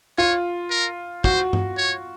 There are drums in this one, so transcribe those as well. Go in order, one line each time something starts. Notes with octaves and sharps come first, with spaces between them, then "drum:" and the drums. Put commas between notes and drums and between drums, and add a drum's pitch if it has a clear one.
F4 C#5
A#4
F#4 C5, drum: kick
drum: tom G2
C#5